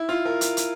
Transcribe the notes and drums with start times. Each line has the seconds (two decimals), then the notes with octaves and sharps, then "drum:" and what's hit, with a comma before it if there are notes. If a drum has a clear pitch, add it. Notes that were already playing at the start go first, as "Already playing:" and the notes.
Already playing: E4
0.09 F4
0.25 A#4
0.41 drum: hi-hat
0.57 drum: hi-hat